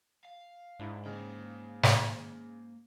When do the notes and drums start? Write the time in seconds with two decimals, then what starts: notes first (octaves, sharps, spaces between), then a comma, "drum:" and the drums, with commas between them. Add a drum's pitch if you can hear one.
0.25 F5
0.79 G#2 D4 E4
1.06 C#3 A#3 G5
1.83 drum: snare